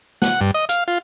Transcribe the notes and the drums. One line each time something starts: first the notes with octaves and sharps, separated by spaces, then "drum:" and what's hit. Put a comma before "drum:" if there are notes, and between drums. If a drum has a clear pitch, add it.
F#5, drum: snare
G2
D#5
F5, drum: hi-hat
F4